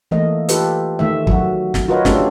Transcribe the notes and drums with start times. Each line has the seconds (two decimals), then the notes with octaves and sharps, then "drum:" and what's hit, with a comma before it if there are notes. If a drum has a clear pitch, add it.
0.11 E3 A3 A#3 D#5
0.49 F4 G4 A4 B4, drum: hi-hat
0.99 D#3 A3 E5
1.27 F#3 F#4, drum: kick
1.74 drum: snare
1.88 F4 F#4 A#4 B4 C#5 D#5
2.05 A3 C#4 D4 F4 G4 A4, drum: snare